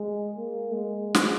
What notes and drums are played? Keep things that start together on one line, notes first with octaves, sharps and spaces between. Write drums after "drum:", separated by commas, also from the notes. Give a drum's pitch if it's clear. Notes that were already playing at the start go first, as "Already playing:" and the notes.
Already playing: G#3
A#3
G#3
drum: snare